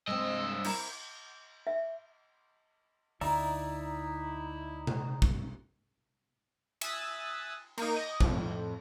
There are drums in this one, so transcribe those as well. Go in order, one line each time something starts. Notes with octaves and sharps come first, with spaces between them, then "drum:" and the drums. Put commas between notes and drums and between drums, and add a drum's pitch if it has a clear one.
G2 G#3 C4 D#5 E6
E4 A#4, drum: cymbal
E5
D2 D#4 E4 D5 E5 A#5, drum: open hi-hat
drum: tom C3
drum: kick
E5 G#5 D#6 E6 F#6 A6, drum: cymbal
A#3 D#4, drum: cymbal
D#5
F2 A2, drum: kick